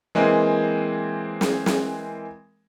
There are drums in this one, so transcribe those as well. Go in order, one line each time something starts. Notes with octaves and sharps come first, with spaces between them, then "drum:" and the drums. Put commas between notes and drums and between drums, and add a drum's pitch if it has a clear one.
E3 G#3 A#3 C4
drum: snare
drum: snare